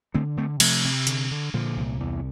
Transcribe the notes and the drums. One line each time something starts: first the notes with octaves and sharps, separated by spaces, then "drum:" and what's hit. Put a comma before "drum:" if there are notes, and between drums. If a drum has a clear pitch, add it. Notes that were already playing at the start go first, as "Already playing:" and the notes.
D3 A3 C4
D3 A3 C4
C3 F3 A3, drum: cymbal
C3
D3, drum: hi-hat
D3
A#2 D3 F3
C2
E2